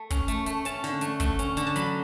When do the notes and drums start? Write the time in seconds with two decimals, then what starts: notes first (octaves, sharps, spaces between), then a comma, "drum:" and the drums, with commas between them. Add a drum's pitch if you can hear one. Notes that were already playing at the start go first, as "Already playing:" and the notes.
Already playing: A3
0.10 C#4, drum: kick, hi-hat
0.28 A3, drum: hi-hat
0.46 A3, drum: hi-hat
0.65 C#4 A5, drum: hi-hat
0.84 D3, drum: snare
1.01 A3, drum: hi-hat
1.20 A3, drum: kick, hi-hat
1.39 C#4, drum: hi-hat
1.57 D3, drum: hi-hat
1.67 A5
1.76 F#3 B5, drum: hi-hat